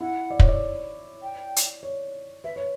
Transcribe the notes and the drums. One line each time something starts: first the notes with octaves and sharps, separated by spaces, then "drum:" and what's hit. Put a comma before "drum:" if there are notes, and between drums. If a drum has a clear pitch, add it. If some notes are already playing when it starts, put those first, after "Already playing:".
E4 F#5
D5
C#5, drum: kick
D5
G5
drum: hi-hat
C#5
B4 E5
C#5